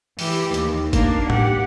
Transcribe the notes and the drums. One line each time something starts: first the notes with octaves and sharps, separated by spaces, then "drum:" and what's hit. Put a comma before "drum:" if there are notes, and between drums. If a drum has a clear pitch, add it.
E3 G4, drum: open hi-hat
D#2, drum: hi-hat
A#3 D4, drum: kick G1, hi-hat
G4 F#5, drum: tom A2